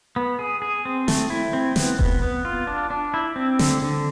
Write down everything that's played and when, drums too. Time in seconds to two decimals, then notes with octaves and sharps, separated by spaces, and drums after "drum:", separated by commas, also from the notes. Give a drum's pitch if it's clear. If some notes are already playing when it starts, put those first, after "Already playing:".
0.16 B3
0.39 G#4
0.62 G#4
0.85 C4
1.08 A3, drum: snare
1.30 E4
1.53 C4
1.76 B3, drum: snare
1.99 B3, drum: kick E1
2.22 B3
2.45 F4
2.67 D4
2.90 D4
3.14 E4
3.36 C4
3.59 D3, drum: snare
3.82 D3